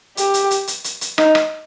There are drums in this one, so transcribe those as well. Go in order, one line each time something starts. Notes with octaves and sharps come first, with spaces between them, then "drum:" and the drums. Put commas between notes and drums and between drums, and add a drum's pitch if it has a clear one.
G4, drum: hi-hat
drum: hi-hat
drum: hi-hat
drum: hi-hat
drum: hi-hat
drum: hi-hat
D#4, drum: rim click
drum: rim click